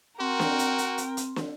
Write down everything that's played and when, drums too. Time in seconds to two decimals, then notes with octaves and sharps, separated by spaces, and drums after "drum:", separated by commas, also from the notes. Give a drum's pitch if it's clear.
0.20 C4 F#4 A#4 G5
0.40 drum: snare
0.59 drum: hi-hat
0.78 drum: hi-hat
0.98 drum: hi-hat
1.17 drum: hi-hat
1.36 drum: snare